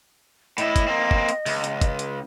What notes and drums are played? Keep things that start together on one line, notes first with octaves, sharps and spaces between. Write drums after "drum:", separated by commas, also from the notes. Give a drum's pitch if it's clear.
A2 E4 D#5, drum: hi-hat
drum: kick, hi-hat
A#3 C4
drum: kick
drum: hi-hat
C#2, drum: open hi-hat
drum: hi-hat
drum: kick, hi-hat
drum: hi-hat